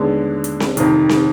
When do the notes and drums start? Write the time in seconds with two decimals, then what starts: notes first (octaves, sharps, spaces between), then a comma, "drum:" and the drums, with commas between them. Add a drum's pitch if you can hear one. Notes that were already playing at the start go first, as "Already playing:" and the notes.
Already playing: D#2 D3 G#3 B3
0.44 drum: hi-hat
0.60 drum: snare C4
0.77 F2 C3 D#3, drum: hi-hat
1.09 drum: snare C4